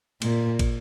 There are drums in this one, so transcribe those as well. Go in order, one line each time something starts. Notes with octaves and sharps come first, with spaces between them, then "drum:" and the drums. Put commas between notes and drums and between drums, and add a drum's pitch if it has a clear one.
A#2, drum: cymbal
drum: kick, cymbal